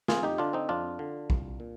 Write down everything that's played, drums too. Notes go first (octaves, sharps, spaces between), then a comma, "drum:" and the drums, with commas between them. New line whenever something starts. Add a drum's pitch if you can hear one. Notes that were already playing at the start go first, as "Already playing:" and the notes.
F2 F4 G#4, drum: snare
D#4 G4
D3 D4 F4
C4 D#4
F2 D4 F4
D3
C2, drum: kick B1
A#2